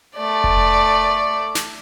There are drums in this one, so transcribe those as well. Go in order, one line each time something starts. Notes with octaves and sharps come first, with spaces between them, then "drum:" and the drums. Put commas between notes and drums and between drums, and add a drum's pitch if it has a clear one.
A3 D5
drum: kick F1
drum: snare